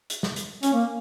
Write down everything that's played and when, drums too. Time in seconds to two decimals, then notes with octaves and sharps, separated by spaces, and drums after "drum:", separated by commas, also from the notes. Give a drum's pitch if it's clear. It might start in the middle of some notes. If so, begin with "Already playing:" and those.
0.10 drum: hi-hat
0.23 drum: snare
0.36 drum: hi-hat
0.63 C#4, drum: hi-hat
0.73 A#3